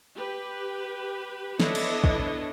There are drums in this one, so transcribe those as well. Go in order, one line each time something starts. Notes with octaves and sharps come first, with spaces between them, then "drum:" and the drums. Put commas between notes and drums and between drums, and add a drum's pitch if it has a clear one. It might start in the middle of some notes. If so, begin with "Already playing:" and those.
G4 B4
B3 D4 E4 A4 C#5 D#5, drum: snare
drum: cymbal
drum: kick